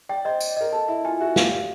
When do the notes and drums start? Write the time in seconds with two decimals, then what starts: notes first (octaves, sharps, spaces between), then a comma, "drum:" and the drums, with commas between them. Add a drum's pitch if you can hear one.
0.09 D5 G5
0.25 C5 D#5
0.40 G5, drum: tambourine
0.57 A#4 D#5
0.72 A4 A5
0.88 E4 E5
1.05 F4 G#5
1.20 F#4 E5
1.36 G4 F5, drum: snare
1.51 D5